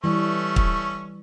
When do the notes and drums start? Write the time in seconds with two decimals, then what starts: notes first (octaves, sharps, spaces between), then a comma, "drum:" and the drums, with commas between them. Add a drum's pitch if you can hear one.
0.04 E3 G3 A3 C#4 C#6
0.56 drum: kick